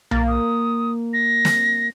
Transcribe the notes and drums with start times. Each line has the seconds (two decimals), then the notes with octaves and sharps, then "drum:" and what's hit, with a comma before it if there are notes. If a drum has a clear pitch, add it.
0.11 A#3 A6, drum: tom B1
0.27 D#6
1.13 A#6
1.45 drum: snare